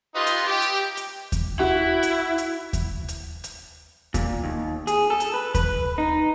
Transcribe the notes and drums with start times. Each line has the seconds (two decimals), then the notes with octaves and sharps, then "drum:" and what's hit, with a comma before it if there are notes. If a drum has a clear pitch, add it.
0.15 D#4 F4 G4 B4 D#5 C6
0.26 drum: hi-hat
0.47 G4
0.62 drum: hi-hat
0.97 drum: hi-hat
1.32 drum: kick D#2, hi-hat
1.59 E4 F#4
2.03 drum: hi-hat
2.38 drum: hi-hat
2.73 drum: kick D#2, hi-hat
3.08 drum: hi-hat
3.44 drum: hi-hat
4.14 A#2, drum: kick D#2, hi-hat
4.44 D#2
4.87 G#4, drum: hi-hat
5.10 A4
5.20 drum: hi-hat
5.34 B4
5.55 B4, drum: kick D#2, hi-hat
5.98 D#4